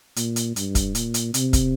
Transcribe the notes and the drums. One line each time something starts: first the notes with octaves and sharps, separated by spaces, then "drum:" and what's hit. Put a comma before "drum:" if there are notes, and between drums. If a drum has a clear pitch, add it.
A#2, drum: hi-hat
drum: hi-hat
G2, drum: hi-hat
drum: kick, hi-hat
A#2, drum: hi-hat
drum: hi-hat
C3, drum: hi-hat
drum: kick, hi-hat